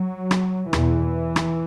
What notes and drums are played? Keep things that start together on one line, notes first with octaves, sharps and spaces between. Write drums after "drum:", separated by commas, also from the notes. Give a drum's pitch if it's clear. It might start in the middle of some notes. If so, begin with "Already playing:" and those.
Already playing: F#3
drum: rim click
E2 B2 E3, drum: rim click
drum: rim click